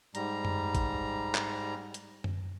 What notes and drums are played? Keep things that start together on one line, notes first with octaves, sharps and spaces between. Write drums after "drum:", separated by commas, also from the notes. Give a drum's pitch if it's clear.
G#2 G3 A#5, drum: hi-hat
drum: tom F#2
drum: kick, hi-hat
drum: clap
drum: hi-hat
drum: tom F#2